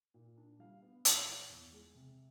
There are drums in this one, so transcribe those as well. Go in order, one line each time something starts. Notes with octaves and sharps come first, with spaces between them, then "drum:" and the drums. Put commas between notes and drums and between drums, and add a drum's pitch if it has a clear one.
A#2
D4
G3 F5
B3
A#2, drum: hi-hat
E3
E2
G#3
C3